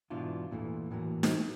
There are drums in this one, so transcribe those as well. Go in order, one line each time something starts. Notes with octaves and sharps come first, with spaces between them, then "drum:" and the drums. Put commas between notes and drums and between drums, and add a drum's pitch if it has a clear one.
G#2 B2 E3 D4 E4 F4
E2 A#2 E3 A3
A2 E3 F#3 A#3
drum: snare D#4